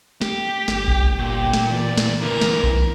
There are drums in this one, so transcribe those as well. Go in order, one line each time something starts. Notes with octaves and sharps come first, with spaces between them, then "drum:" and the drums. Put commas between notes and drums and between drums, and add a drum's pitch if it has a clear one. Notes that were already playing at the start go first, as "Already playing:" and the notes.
G4, drum: snare
G1, drum: snare
drum: kick B1
A#2 G4
drum: snare
E3 D5
drum: snare
E2 D3 E3 A#4
drum: snare
drum: kick B1